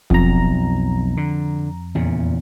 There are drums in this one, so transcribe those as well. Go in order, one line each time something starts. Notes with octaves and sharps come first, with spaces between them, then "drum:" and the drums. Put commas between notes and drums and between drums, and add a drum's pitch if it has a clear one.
B1 F2 A#5, drum: kick F1
D3
E2 A#2 C#3